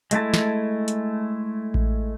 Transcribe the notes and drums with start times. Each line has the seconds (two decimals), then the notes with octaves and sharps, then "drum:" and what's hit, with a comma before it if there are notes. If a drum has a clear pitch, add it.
0.11 G#3 A3 E4 A5, drum: hi-hat
0.34 drum: snare
0.88 drum: hi-hat
1.74 drum: kick A1